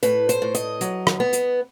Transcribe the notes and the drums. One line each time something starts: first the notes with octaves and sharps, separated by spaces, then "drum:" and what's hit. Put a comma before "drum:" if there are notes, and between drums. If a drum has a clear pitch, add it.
A2 B4, drum: hi-hat
C5, drum: hi-hat
A2
D#5, drum: hi-hat
F#3, drum: hi-hat
drum: rim click
B3
drum: hi-hat